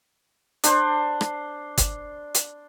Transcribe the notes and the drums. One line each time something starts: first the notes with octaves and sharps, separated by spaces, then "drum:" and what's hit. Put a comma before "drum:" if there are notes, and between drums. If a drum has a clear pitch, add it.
D4 C5, drum: hi-hat
drum: rim click
drum: kick, hi-hat
drum: hi-hat